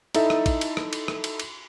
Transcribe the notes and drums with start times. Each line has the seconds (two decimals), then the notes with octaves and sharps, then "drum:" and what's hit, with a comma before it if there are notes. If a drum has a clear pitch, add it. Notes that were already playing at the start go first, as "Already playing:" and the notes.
0.15 D#4 E4 A4 E5, drum: cymbal
0.30 drum: rim click
0.46 drum: kick, cymbal
0.61 drum: cymbal
0.77 drum: rim click
0.93 drum: cymbal
1.08 drum: rim click
1.24 drum: cymbal
1.40 drum: cymbal